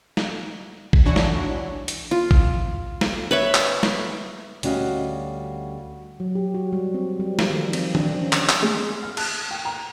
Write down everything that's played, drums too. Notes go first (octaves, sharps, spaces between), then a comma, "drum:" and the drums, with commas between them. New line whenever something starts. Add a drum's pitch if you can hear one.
drum: snare
drum: kick A1
E3 D4 F#4 C#5
drum: snare
drum: hi-hat
F4
drum: kick A1
drum: snare
B4 C#5 E5
drum: clap
drum: snare
D2 G3 C#4 F#4 D#5 F5, drum: hi-hat
F#3
G4
F#4
G3
C4
G3
F3, drum: snare
D#3
C4, drum: cymbal
D4, drum: tom D#3
C#4
drum: clap
drum: clap
G#3
F6
A5, drum: cymbal
G5
A#5